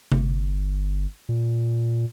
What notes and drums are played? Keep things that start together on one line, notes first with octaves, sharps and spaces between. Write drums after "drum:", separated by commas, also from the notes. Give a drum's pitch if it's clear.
G1, drum: tom C3
A#2